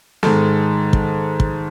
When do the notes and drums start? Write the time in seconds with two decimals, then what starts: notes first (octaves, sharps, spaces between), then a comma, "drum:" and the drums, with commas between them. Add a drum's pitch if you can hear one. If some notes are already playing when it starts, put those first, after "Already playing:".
0.23 G#2 D#3 G#3 A4, drum: snare
0.93 drum: kick
1.40 drum: kick